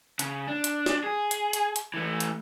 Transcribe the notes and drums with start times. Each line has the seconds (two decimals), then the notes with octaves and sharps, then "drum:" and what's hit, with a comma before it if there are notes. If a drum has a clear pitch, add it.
0.19 C#3, drum: hi-hat
0.47 D4
0.64 drum: hi-hat
0.86 drum: snare
1.04 G#4
1.31 drum: hi-hat
1.53 drum: hi-hat
1.76 drum: hi-hat
1.94 E3 A3
2.20 drum: hi-hat